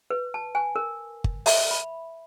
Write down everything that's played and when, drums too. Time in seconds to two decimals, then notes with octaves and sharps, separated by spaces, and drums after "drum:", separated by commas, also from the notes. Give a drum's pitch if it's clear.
0.10 B4
0.34 A5
0.55 G#5
0.76 A#4
1.24 drum: kick G1
1.46 E5, drum: open hi-hat
1.71 B5